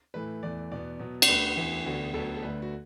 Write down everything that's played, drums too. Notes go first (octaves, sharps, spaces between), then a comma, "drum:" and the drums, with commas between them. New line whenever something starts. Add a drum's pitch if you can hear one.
A2 E3 A3 B4
E2 E3 A3 D5
E2 B2 B3 D5
B2 F#3 B3
D5, drum: cymbal
D2 D3 A3 B4
E2 E3 A3
D2 D3 B3 F#4
D2 D3 F#3 B3 A4
A4
D2 D3 A3 B4
F#4